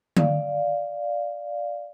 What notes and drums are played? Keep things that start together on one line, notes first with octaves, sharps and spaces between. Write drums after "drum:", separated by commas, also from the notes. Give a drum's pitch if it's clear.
D5 F5, drum: tom D3